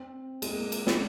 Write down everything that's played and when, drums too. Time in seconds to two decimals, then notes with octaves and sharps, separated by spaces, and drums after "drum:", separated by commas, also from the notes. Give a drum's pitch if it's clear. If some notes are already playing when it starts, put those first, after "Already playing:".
Already playing: C4
0.42 G#3, drum: cymbal
0.51 A#3
0.72 drum: cymbal
0.87 drum: snare